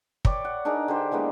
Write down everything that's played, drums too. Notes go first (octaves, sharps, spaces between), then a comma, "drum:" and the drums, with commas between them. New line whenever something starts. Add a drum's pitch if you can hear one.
B4 C#5 D5 G5, drum: kick
F#5
D4 D#4 G#4 A#4
D3 G4 C5
E3 G#3 A#3 B3